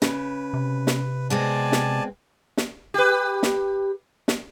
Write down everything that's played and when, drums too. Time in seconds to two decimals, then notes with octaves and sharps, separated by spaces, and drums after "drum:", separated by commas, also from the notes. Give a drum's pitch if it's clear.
0.02 C#3 B4, drum: snare
0.53 C3
0.87 drum: snare
1.30 B2 G#3 C4 D5 G#5 A5
1.72 drum: snare
2.57 drum: snare
2.94 G4 B4
3.43 drum: snare
4.28 drum: snare